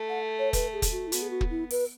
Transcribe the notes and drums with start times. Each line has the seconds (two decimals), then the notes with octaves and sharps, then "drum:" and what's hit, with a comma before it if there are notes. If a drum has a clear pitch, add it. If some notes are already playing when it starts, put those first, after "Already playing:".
Already playing: A3
0.09 F#5
0.39 C#5
0.53 B4, drum: kick, hi-hat
0.73 G#4
0.82 drum: kick, hi-hat
0.92 F#4
1.07 E4
1.12 B3 F#4, drum: hi-hat
1.22 G#4
1.30 F#4
1.41 drum: kick
1.50 E4
1.71 B4, drum: open hi-hat